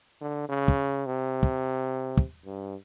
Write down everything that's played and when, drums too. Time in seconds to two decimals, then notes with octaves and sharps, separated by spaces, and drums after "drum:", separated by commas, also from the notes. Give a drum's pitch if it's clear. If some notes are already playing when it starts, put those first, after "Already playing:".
0.21 D3
0.49 C#3
0.68 drum: kick
1.06 C3
1.43 drum: kick
2.17 drum: kick
2.45 G2